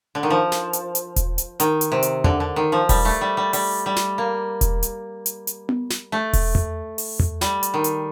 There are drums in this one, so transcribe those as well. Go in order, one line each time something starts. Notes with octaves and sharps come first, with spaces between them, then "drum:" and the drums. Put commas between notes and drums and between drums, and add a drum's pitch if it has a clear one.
D3
D#3
F3
drum: snare
drum: hi-hat
drum: hi-hat
drum: kick E1, hi-hat
drum: hi-hat
D#3, drum: hi-hat
drum: hi-hat
C3
drum: hi-hat
D3, drum: tom E2
D3
D#3
F3
G3, drum: kick E1, open hi-hat
A3
G3
G3
G3, drum: open hi-hat
G3
drum: snare
A#3
drum: kick E1, hi-hat
drum: hi-hat
drum: hi-hat
drum: hi-hat
drum: tom B3
drum: snare
A3
drum: kick E1, open hi-hat
drum: tom E2
drum: open hi-hat
drum: tom E2
G3, drum: snare
drum: hi-hat
D#3
drum: hi-hat